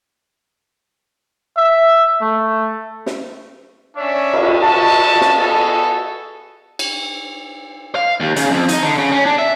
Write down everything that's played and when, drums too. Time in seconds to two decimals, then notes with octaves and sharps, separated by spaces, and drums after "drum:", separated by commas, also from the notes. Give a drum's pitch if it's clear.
1.57 E5
2.21 A3
3.06 drum: snare
3.97 C#4 D4 C#5 D5 E5
4.33 drum: cymbal
4.60 F#4 A5
5.21 drum: snare
5.38 B3 F#4 G#4 A4
6.79 drum: cymbal
7.95 F5
8.20 D#2
8.36 C#3, drum: hi-hat
8.51 F2
8.69 D#4, drum: hi-hat
8.83 D3
8.98 C#3
9.12 C#4
9.26 D4
9.38 E5